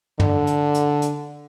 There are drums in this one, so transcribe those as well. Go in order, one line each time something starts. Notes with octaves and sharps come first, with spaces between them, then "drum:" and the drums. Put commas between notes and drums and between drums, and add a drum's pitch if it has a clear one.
D3, drum: tom
drum: hi-hat
drum: hi-hat
drum: hi-hat